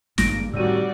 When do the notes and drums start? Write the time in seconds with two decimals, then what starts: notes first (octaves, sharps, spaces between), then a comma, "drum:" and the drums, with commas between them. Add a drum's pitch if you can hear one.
0.18 G#1 G2 A#2 G#3 A#6 D7, drum: snare
0.53 A2 C3 D#3 G3 F#4 D5 E6 D#7